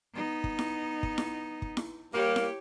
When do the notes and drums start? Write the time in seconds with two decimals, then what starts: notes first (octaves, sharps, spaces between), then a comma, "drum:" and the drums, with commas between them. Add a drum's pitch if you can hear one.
0.14 B3 D#4
0.44 drum: kick
0.59 drum: snare E4
1.03 drum: kick
1.18 drum: snare E4
1.62 drum: kick
1.77 drum: snare E4
2.14 G3 A#3 G4 C#5
2.36 drum: snare E4